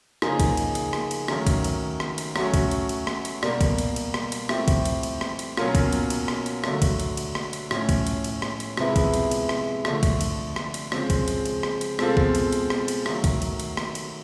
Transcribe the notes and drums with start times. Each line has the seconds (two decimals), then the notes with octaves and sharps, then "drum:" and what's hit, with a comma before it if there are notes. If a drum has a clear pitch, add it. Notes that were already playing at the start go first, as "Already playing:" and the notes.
0.22 C#3 F3 A#3 D#4 G#4, drum: rim click
0.40 drum: kick, cymbal
0.57 drum: cymbal
0.75 drum: cymbal
0.93 drum: rim click
1.11 drum: cymbal
1.28 D#3 F#3 A3 C#4, drum: rim click
1.47 drum: kick, cymbal
1.64 drum: cymbal
2.00 drum: rim click
2.18 drum: cymbal
2.36 F#3 A3 C#4 F#4, drum: rim click
2.54 drum: kick, cymbal
2.71 drum: cymbal
2.89 drum: cymbal
3.07 drum: rim click
3.25 drum: cymbal
3.43 B2 G3 A#3, drum: rim click
3.61 drum: kick, cymbal
3.78 drum: cymbal
3.96 drum: cymbal
4.14 drum: rim click
4.32 drum: cymbal
4.49 F3 A3 C4 E4 G4, drum: rim click
4.68 drum: kick, cymbal
4.85 drum: cymbal
5.03 drum: cymbal
5.21 drum: rim click
5.39 drum: cymbal
5.57 B2 F#3 A#3 C#4 F4, drum: rim click
5.75 drum: kick, cymbal
5.93 drum: cymbal
6.10 drum: cymbal
6.28 drum: rim click
6.46 drum: cymbal
6.64 D3 F#3 A3, drum: rim click
6.82 drum: kick, cymbal
7.00 drum: cymbal
7.17 drum: cymbal
7.35 drum: rim click
7.53 drum: cymbal
7.71 A2 F3 A3 C#4, drum: rim click
7.89 drum: kick, cymbal
8.07 drum: cymbal
8.24 drum: cymbal
8.42 drum: rim click
8.60 drum: cymbal
8.77 C3 F3 G#3 B3 E4, drum: rim click
8.96 drum: kick, cymbal
9.14 drum: cymbal
9.31 drum: cymbal
9.49 drum: rim click
9.85 D3 F3 A3, drum: rim click
10.03 drum: kick, cymbal
10.21 drum: cymbal
10.56 drum: rim click
10.74 drum: cymbal
10.92 C#3 F3 G#3 C4, drum: rim click
11.10 drum: kick, cymbal
11.28 drum: cymbal
11.45 drum: cymbal
11.63 drum: rim click
11.81 drum: cymbal
11.99 B2 G#3 C4 F4 A4, drum: rim click
12.17 drum: kick
12.35 drum: cymbal
12.53 drum: cymbal
12.70 drum: rim click
12.88 drum: cymbal
13.06 D#3 F#3 A3, drum: rim click
13.24 drum: kick, cymbal
13.42 drum: cymbal
13.60 drum: cymbal
13.77 drum: rim click
13.95 drum: cymbal